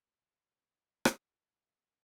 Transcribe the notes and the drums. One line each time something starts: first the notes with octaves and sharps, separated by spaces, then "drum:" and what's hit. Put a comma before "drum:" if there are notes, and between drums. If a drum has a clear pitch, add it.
F2
F#2
drum: rim click
F2
F#2